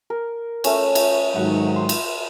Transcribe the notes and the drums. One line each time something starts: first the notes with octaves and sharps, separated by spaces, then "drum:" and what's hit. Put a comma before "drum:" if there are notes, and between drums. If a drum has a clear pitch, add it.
A#4
A3 C#4, drum: cymbal
drum: cymbal
G#2 D#3 F#3 F#5
C6
drum: cymbal